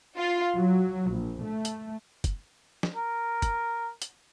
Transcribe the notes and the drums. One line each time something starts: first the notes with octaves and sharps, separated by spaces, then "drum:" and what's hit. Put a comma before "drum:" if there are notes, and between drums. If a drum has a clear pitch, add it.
F4
F#3
A#1
A3
drum: hi-hat
drum: kick, hi-hat
drum: snare
A#4
drum: kick, hi-hat
drum: hi-hat